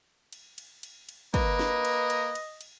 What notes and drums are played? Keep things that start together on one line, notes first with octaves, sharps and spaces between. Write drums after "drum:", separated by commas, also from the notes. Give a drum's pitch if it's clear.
drum: cymbal
drum: cymbal
drum: cymbal
drum: cymbal
A#3 B4 D#5, drum: kick, cymbal
drum: snare
drum: cymbal
drum: cymbal
drum: cymbal
drum: cymbal